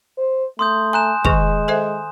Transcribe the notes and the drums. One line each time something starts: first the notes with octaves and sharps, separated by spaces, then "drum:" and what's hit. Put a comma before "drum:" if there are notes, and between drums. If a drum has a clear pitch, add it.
C5
A3 C6 D#6 G6
G#5 A#5 F#6 E7
D#3 G#3 G#4 C#6, drum: kick
A4 C5 E5